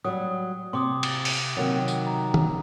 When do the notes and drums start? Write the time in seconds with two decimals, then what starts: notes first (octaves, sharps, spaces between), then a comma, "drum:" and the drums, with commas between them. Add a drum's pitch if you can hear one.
0.05 F#3 G3 D#6
0.73 C3 C6 D6 D#6
1.03 drum: cymbal
1.25 drum: open hi-hat
1.57 C3 D#3 F#3
1.88 drum: tambourine
2.07 A#5
2.34 drum: tom